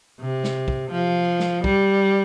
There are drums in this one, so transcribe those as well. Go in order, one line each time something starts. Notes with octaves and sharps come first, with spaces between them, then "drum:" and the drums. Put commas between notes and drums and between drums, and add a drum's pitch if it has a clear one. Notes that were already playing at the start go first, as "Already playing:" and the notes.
C3
drum: snare
drum: kick
F3
drum: snare
G3, drum: kick